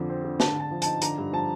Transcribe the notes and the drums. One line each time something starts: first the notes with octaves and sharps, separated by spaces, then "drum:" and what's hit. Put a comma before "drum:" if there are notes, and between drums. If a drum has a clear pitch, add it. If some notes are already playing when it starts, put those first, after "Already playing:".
Already playing: F2 D3 F3
C4
D3
D3 A5, drum: snare
D3 A5
F3
D#4 A5, drum: hi-hat
D3 A#5, drum: hi-hat
G2
F3 A5